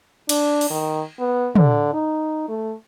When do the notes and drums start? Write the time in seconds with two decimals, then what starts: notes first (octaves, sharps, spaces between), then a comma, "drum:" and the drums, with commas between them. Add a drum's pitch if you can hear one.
0.29 D4, drum: cymbal
0.61 drum: open hi-hat
0.70 D#3
1.20 B3
1.56 D3, drum: tom
1.94 D#4
2.48 A3